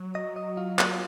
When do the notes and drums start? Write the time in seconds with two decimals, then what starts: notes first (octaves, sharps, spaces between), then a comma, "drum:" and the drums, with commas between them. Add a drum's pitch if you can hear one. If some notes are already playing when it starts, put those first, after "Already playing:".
Already playing: F#3
0.15 D#5
0.36 D#5
0.57 F4
0.79 drum: clap